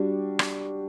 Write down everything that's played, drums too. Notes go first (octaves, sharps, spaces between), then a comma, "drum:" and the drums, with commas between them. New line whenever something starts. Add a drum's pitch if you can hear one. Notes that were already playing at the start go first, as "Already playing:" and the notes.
Already playing: G3 D4 F#4
drum: rim click